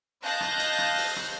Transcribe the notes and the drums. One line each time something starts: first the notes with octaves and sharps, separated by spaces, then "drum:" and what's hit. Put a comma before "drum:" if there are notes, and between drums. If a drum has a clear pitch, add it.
D#5 F5 A5 F#6 G6 A#6
drum: rim click
drum: hi-hat
drum: rim click
drum: open hi-hat
drum: rim click